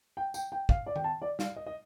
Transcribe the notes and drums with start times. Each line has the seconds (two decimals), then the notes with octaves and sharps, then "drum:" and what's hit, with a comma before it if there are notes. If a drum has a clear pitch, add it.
0.17 G5
0.34 G5, drum: tambourine
0.52 G5
0.69 F5, drum: kick
0.86 D5
0.96 G5, drum: tom D#3
1.04 A5
1.22 D5
1.39 F5, drum: snare
1.56 D#5
1.66 D#5